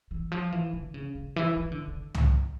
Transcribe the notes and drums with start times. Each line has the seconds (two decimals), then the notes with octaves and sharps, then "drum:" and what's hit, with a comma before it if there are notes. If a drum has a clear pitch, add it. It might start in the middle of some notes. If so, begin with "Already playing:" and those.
0.11 E3
0.32 F3
0.52 E3
0.73 D3
0.94 C#3
1.15 C#3
1.36 E3
1.57 E3
1.72 D3
1.88 D3
2.15 drum: tom C2